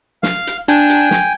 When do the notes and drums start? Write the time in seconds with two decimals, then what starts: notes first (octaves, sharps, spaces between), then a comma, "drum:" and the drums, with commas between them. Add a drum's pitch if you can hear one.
0.23 F5, drum: snare
0.47 drum: hi-hat
0.68 D4 G5 G#5, drum: hi-hat
0.90 drum: hi-hat
1.11 drum: snare